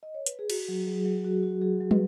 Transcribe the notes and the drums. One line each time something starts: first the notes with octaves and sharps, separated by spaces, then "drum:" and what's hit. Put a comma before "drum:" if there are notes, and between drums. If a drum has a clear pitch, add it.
D#5
C#5
B4, drum: hi-hat
G#4
F#4, drum: cymbal
F#3
F#3 G#4
F#3
F#4
F#4
F#3 G#4
F#3
B4, drum: tom